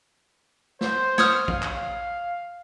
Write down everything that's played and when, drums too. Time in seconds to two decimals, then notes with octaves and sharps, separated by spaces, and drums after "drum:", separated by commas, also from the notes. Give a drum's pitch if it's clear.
0.81 C5, drum: snare
1.18 C#5 D#6 F6, drum: snare
1.48 F5, drum: kick
1.62 drum: clap